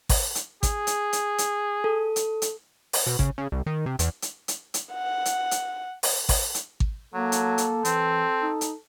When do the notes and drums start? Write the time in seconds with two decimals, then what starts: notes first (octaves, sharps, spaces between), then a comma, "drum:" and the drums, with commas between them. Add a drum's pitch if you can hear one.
0.09 drum: kick G#1, open hi-hat
0.35 drum: hi-hat
0.63 G#4, drum: kick G#1, hi-hat
0.87 drum: hi-hat
1.13 drum: hi-hat
1.38 drum: hi-hat
1.84 A4
2.16 drum: hi-hat
2.42 drum: hi-hat
2.93 drum: open hi-hat
3.07 B2
3.19 C#3, drum: kick G#1
3.38 C#3
3.52 C2
3.66 D#3
3.86 C3
3.99 E2, drum: hi-hat
4.22 drum: hi-hat
4.48 drum: hi-hat
4.74 drum: hi-hat
4.94 F#5
5.25 drum: hi-hat
5.51 drum: hi-hat
6.03 drum: open hi-hat
6.29 drum: kick G#1, open hi-hat
6.55 drum: hi-hat
6.80 drum: kick G#1
7.14 F#3 A#3 A4
7.32 drum: hi-hat
7.58 drum: hi-hat
7.85 E3 C4, drum: hi-hat
8.42 D#4
8.61 drum: hi-hat